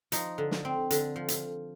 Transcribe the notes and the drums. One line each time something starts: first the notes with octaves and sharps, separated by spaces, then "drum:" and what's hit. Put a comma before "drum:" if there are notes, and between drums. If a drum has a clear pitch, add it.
F3 D#4, drum: hi-hat
D3
drum: snare
C4
D3, drum: hi-hat
F3
drum: hi-hat